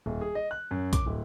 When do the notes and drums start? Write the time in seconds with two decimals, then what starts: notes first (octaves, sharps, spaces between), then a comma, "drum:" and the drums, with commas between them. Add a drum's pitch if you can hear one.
0.06 D#1
0.21 G#4
0.35 D#5
0.51 F#6
0.71 F#2
0.93 D6, drum: kick A#1, hi-hat
1.06 D1